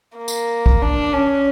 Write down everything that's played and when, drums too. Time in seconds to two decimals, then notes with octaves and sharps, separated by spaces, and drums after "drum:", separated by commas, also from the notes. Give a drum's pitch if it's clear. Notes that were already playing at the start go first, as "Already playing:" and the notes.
0.18 A#3
0.28 drum: tambourine
0.66 drum: kick
0.82 D4
1.13 C#4